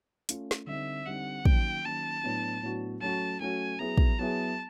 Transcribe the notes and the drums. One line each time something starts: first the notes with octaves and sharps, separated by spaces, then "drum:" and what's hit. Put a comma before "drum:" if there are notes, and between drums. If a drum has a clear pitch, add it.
A3 C#4 F4, drum: hi-hat
drum: snare
D3 G3 C4 D#4 E5
D3 G3 C4 D#4 F#5
D#3 F#3 A#3 C#4 G5, drum: kick
D#3 F#3 A#3 C#4 A5
A2 F#3 B3 D4 F#4
A2 F#3 B3 D4 F#4
F#3 A3 C#4 F#4 A5
F#3 A3 C#4 F#4 G#5
F#3 B3 E4 G#4 A#5
drum: kick
F#3 B3 E4 G#4 A5